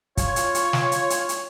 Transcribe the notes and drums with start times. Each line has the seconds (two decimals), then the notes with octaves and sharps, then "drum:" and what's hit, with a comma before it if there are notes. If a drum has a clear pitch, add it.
0.17 F4 C#5, drum: kick, hi-hat
0.36 drum: hi-hat
0.55 drum: hi-hat
0.73 drum: snare
0.92 drum: hi-hat
1.10 drum: hi-hat
1.29 drum: hi-hat